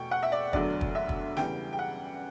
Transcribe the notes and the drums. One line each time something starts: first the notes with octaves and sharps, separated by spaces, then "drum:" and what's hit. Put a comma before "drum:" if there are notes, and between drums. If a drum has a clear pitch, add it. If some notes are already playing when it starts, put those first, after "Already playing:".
Already playing: E2 B2 A3 G5 C#6
F#5
E5
D5
E1 D2 D3 F#3 A3 D5, drum: kick
drum: kick
E5
drum: kick
E2 C#3 E3 G3 G5, drum: snare
G5
F#5